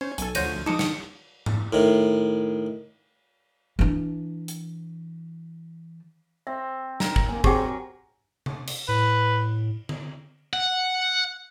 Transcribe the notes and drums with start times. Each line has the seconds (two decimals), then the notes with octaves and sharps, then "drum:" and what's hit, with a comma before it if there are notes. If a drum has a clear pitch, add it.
0.01 C#4 C5 G#6
0.18 B1 A4 G#5, drum: hi-hat
0.35 D2 F3 C5 C#5 F#5 G6 A#6 D#7, drum: cymbal
0.66 F3 G#3 D#4 A5 D6 D#6 C#7
0.79 D#3 C#7, drum: snare
1.46 drum: tom G#2
1.73 A2 D#3
3.79 E3 D4
4.48 drum: hi-hat
6.47 C4 E5
7.00 A#4, drum: snare
7.16 drum: kick
7.29 A#3 G#5
7.44 F#3 C4 G4 G#4 G5 G#5, drum: kick
8.46 drum: tom C3
8.67 drum: cymbal
8.89 A2 B4
9.89 drum: tom D3
10.53 F#5